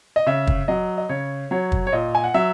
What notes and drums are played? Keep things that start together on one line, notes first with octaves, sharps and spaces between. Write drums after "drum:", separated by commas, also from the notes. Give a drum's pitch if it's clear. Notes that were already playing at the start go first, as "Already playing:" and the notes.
D#5
C#3 E5
drum: kick
F#3 D#5
D#5
C#3 C#5
F#3 C#5
drum: kick
C#5
A#2 D#5
G#5
F#5
F#3 E5